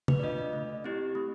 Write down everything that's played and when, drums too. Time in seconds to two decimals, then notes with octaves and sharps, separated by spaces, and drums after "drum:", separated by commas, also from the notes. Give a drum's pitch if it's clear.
0.08 B4, drum: tom
0.19 D5
0.23 D4 F4 D#5
0.38 D5
0.53 A3
0.84 C4 E4 G4
1.15 A3